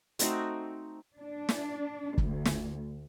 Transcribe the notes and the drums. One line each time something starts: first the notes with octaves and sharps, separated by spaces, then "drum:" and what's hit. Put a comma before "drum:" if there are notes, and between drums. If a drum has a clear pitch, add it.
A3 C4 D#4 F#4, drum: hi-hat
D4
drum: snare
D2, drum: kick
drum: snare